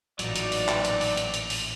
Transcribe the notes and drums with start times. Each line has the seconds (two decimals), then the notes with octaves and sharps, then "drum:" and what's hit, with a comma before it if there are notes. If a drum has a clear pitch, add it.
0.19 A1 A#2 E3 F#3 D#4 D5, drum: hi-hat
0.36 drum: hi-hat
0.52 drum: open hi-hat
0.68 drum: clap
0.85 drum: hi-hat
1.01 drum: open hi-hat
1.17 drum: hi-hat
1.34 drum: hi-hat
1.50 drum: open hi-hat